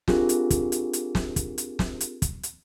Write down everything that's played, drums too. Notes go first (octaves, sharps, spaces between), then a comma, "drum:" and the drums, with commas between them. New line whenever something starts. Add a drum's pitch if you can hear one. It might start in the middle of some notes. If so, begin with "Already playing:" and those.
C4 D4 F4 G4 G#4 A#4, drum: snare
drum: hi-hat
drum: kick, hi-hat
drum: hi-hat
drum: hi-hat
drum: snare
drum: kick, hi-hat
drum: hi-hat
drum: snare
drum: hi-hat
drum: kick, hi-hat
drum: hi-hat